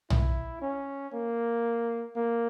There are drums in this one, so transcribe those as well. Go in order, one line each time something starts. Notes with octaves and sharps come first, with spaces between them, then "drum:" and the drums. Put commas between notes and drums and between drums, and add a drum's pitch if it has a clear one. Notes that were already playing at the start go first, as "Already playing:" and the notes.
E4, drum: tom
C#4
A#3
A#3